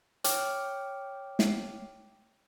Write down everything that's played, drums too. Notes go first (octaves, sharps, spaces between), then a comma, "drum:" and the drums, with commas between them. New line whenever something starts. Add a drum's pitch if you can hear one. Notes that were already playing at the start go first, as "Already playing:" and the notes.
C#5 G5 D6 F6, drum: hi-hat
drum: snare